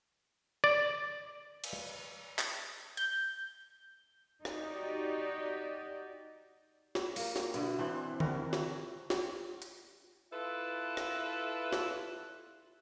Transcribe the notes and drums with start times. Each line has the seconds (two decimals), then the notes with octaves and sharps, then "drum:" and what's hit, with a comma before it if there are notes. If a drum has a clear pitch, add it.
0.64 D5
1.64 drum: cymbal
2.39 drum: clap
2.97 G6, drum: hi-hat
4.45 D#4 F#4 G4 D5, drum: rim click
6.95 drum: snare
7.16 A#3 A#4, drum: open hi-hat
7.36 drum: snare
7.54 B2 D3 E4, drum: hi-hat
7.79 E3 C4 D4 B4 C5
8.20 G3 E4 F#4 A#4, drum: tom D3
8.53 drum: snare
9.10 drum: snare
9.62 drum: hi-hat
10.32 E4 F4 A4 B4
10.97 drum: rim click
11.72 drum: snare